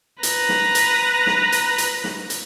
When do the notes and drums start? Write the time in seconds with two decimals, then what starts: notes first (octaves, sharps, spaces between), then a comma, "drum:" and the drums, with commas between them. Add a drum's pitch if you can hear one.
0.23 B4 A#5, drum: hi-hat
0.49 drum: snare
0.75 drum: hi-hat
1.26 drum: snare
1.52 drum: hi-hat
1.78 drum: hi-hat
2.04 drum: snare
2.30 drum: hi-hat